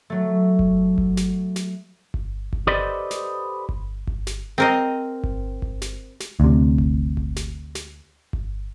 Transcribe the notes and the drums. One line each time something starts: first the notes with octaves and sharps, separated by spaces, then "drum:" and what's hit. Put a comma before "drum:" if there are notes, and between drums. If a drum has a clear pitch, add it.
F#3 A3
drum: kick G1
drum: kick G1
drum: snare
drum: snare
drum: kick G1
drum: kick G1
G4 A4 B4 C5 D5 D#5
drum: snare
drum: kick G1
drum: kick G1
drum: snare
C4 A#4 D#5
drum: kick G1
drum: kick G1
drum: snare
drum: snare
D2 C3
drum: kick G1
drum: kick G1
drum: snare
drum: snare
drum: kick G1